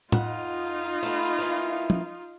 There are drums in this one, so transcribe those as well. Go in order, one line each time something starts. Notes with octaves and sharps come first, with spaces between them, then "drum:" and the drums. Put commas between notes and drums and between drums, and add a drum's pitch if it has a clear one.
F2 D#4 F4 F#5, drum: tom
A3 B3
E3 A#3
drum: tom